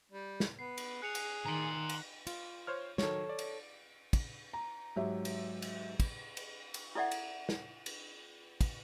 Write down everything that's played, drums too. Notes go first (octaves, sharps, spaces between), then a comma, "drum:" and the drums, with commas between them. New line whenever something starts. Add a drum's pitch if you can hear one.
G3
drum: snare
B3 C7
drum: cymbal
G#4 F#6 C#7 F7
drum: cymbal
D#3 A#5 C6
drum: cymbal
F4, drum: cymbal
C5 C#5 F6
D#3 F#3 A4 C#5, drum: snare
D5
drum: cymbal
drum: kick, cymbal
A#5
G#2 F#3 G4 E5
drum: cymbal
drum: cymbal
drum: kick, cymbal
drum: cymbal
drum: cymbal
E4 A4 D5 E5 F#5
drum: cymbal
drum: snare
drum: cymbal
drum: kick, cymbal